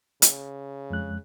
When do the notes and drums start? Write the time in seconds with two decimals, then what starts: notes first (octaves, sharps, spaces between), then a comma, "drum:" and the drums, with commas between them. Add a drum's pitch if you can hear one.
0.22 C#3, drum: hi-hat
0.90 F2 G#3 F#6